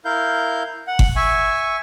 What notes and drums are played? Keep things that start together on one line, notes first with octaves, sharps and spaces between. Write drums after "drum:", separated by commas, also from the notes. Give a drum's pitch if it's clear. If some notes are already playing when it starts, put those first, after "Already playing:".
E4 A#4 F5 G6
F#5
drum: kick G1
E5 G#5 C#6